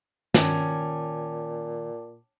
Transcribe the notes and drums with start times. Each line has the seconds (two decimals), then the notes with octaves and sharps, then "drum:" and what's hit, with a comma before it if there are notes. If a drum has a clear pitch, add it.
0.34 A#2 D#3 C#4 G5 A5 D6, drum: snare